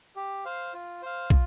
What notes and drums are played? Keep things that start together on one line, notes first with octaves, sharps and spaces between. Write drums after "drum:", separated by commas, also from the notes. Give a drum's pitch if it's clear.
G4
C5 F5
F4
C5 F5
F4, drum: kick